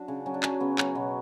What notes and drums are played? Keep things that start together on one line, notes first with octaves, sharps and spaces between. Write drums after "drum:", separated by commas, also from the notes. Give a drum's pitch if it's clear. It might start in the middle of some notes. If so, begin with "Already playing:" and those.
Already playing: F#3 D4 F#4
C#3
F#3 C#4
D4
F#3 C#4, drum: clap
C#3 B3
F#3, drum: clap
B2 B3